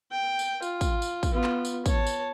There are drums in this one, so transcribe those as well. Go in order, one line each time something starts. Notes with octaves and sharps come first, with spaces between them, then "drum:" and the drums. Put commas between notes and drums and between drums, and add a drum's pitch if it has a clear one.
G5
drum: tambourine
F4, drum: tambourine
drum: kick, tambourine
drum: tambourine
drum: kick, tambourine
B3 F4
drum: clap
drum: tambourine
C#5 A5, drum: kick, tambourine
drum: tambourine